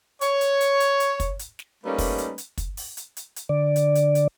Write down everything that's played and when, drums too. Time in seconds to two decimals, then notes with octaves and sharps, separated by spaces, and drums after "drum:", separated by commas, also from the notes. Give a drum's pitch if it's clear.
0.21 C#5, drum: hi-hat
0.41 drum: hi-hat
0.61 drum: hi-hat
0.80 drum: hi-hat
1.00 drum: hi-hat
1.20 drum: kick, hi-hat
1.39 drum: hi-hat
1.59 drum: snare
1.84 G3 A3 A#3 C#4 D#4 B4
1.98 drum: kick, open hi-hat
2.18 drum: hi-hat
2.38 drum: hi-hat
2.58 drum: kick, hi-hat
2.77 drum: open hi-hat
2.97 drum: hi-hat
3.17 drum: hi-hat
3.36 drum: hi-hat
3.49 D3 D5
3.76 drum: hi-hat
3.95 drum: hi-hat
4.15 drum: hi-hat